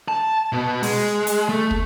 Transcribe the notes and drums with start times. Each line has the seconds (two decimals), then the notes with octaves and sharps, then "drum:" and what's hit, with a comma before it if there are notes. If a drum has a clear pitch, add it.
0.08 A5
0.52 B2 B3
0.83 G#3, drum: open hi-hat
1.27 drum: hi-hat
1.49 A3
1.71 drum: kick